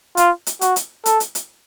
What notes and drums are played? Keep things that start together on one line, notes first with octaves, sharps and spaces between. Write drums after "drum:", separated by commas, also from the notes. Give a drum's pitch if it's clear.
F4, drum: hi-hat
drum: hi-hat
F#4, drum: hi-hat
drum: hi-hat
A4, drum: hi-hat
drum: hi-hat
drum: hi-hat